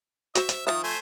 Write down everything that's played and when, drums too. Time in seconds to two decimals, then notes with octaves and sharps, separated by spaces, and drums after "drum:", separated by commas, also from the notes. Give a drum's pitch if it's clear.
0.35 F#4 C5 E5, drum: hi-hat
0.49 drum: hi-hat
0.67 D#3 F3 C#5 E5 D#6
0.83 A3 C5 G#5